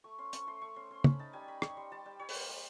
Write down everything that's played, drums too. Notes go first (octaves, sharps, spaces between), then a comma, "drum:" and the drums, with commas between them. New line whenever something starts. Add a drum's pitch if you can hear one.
A3 C#6
C#4 C6
C#4 C#6, drum: hi-hat
A3 C6
A3 C#6
C#4 C6
C#4 C6
C#4 B5, drum: tom
D#4 A5
G3 G#5
D#4 B5
G3 C#6, drum: rim click
G3 C6
G3 A5
G3 G5
G3 C#5
B4, drum: open hi-hat
A#3 C5
G3